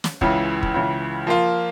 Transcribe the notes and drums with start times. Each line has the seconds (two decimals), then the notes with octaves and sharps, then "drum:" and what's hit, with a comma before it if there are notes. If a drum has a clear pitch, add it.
0.04 drum: snare
0.21 C#2 C#3 E3, drum: kick
0.63 drum: kick
0.74 C#2 C#3 E3
1.27 F3 A#3 F4